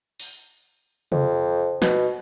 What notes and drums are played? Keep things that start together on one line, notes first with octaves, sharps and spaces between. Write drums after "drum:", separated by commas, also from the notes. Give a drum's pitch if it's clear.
drum: open hi-hat
F2, drum: tom C3
B2, drum: snare